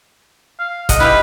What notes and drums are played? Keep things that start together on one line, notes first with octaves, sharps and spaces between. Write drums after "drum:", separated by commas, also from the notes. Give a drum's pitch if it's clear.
F5
D#5 F#5, drum: kick, hi-hat
E4 G4 B4 F5